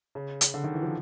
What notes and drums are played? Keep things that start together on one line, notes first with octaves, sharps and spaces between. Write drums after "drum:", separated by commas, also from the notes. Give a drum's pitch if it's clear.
C#3
drum: hi-hat
D3
D#3
E3
F3